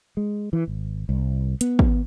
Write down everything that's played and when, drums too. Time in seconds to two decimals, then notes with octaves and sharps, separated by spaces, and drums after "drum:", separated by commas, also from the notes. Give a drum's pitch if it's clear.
0.17 G#3
0.53 E3
0.68 G#1
1.09 C2
1.61 B3, drum: hi-hat
1.79 drum: kick